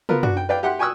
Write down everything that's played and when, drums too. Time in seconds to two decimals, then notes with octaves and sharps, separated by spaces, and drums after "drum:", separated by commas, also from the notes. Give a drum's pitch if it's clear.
0.09 B3 F4 A#4 B4, drum: tom
0.23 D4 F#4, drum: tom F#2
0.37 G5
0.49 B4 D5 F5 G5
0.63 G4 E5 F#5 C6 F#6
0.79 G5 G#5 C#6 D#6 E6 F#6